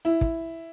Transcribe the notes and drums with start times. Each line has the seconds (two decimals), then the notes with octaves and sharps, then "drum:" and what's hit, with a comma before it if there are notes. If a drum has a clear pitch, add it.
0.05 E4
0.21 drum: kick